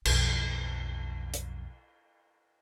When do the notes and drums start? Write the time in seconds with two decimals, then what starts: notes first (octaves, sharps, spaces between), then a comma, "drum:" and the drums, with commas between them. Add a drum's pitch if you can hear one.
0.05 B1 F2, drum: cymbal
1.34 drum: hi-hat